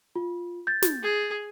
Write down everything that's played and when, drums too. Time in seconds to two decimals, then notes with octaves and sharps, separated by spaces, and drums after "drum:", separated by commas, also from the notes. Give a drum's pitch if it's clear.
0.16 F4
0.67 G6 A6
0.82 drum: snare
1.03 G#4